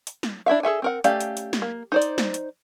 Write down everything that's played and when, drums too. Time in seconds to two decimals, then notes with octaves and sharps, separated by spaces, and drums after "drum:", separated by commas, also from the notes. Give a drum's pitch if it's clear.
0.07 drum: hi-hat
0.23 drum: snare
0.46 D4 E4 E5 F5
0.63 G#4 A4 E5 G#5
0.82 C4 A#4 F#5
1.04 A3 C#4 G4 D5 F5, drum: hi-hat
1.20 drum: hi-hat
1.37 drum: hi-hat
1.53 drum: snare
1.62 A#3
1.92 D#4 C5 D5
2.02 drum: hi-hat
2.18 drum: snare
2.34 drum: hi-hat